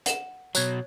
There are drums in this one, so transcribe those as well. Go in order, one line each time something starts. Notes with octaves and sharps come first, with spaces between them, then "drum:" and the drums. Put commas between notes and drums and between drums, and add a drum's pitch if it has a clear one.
F#5 E7, drum: hi-hat
B2 F#3 C#5 F#6 G#6, drum: tambourine